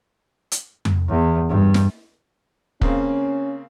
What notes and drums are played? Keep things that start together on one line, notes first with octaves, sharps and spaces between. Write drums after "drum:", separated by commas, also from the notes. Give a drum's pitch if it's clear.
drum: hi-hat
drum: tom F2
E2
G2
drum: snare
C#3 A#3 C4 C#4, drum: kick